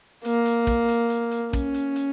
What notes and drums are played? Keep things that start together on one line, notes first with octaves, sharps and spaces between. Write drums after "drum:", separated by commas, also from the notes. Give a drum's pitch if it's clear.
A#3, drum: hi-hat
drum: hi-hat
drum: kick, hi-hat
drum: hi-hat
drum: hi-hat
drum: hi-hat
C#4, drum: kick, hi-hat
drum: hi-hat
drum: hi-hat